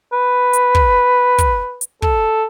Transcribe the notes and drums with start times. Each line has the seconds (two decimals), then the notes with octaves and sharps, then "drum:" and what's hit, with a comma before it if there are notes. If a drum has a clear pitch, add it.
0.13 B4
0.53 drum: hi-hat
0.75 drum: kick
1.39 drum: kick, hi-hat
1.81 drum: hi-hat
2.02 A4, drum: kick